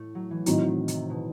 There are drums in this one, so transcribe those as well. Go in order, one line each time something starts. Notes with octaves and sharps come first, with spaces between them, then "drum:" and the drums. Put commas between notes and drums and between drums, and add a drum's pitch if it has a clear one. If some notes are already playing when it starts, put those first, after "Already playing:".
Already playing: A2 A3
F#3
E3
A2 D#3 F#3 C4 D#4, drum: hi-hat
D#3
C3, drum: hi-hat
B2